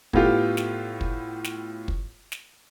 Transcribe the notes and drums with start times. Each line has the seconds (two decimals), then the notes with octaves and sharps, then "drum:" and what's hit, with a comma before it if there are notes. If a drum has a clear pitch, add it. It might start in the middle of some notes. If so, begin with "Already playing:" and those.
0.13 A2 B3 F4 G4, drum: kick
0.57 drum: snare
1.01 drum: kick
1.44 drum: snare
1.88 drum: kick
2.32 drum: snare